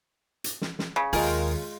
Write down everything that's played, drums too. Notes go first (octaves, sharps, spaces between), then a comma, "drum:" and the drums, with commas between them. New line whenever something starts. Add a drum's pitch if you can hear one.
drum: hi-hat
drum: snare
drum: snare
C#3
D#2 G#3 F4 G#4 A#4 G5, drum: open hi-hat